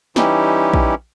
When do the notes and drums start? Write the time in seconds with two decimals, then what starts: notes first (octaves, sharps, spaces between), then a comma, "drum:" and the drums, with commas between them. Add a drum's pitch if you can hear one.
0.16 E3 G3 C#4 D#4 E4 G4, drum: snare
0.73 drum: kick A#1